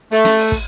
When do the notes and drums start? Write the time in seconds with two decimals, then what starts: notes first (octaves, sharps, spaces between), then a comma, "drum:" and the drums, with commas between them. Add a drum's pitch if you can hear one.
0.11 A3, drum: hi-hat
0.25 drum: snare
0.38 drum: open hi-hat
0.52 drum: kick, hi-hat